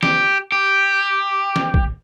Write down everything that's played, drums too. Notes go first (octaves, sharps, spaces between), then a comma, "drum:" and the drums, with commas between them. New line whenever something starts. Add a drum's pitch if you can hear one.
G4, drum: snare
G4
drum: snare
drum: kick